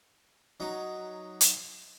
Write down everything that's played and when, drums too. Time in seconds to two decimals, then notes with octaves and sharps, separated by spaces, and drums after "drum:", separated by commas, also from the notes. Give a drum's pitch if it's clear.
0.60 F#3 D#4
1.41 drum: hi-hat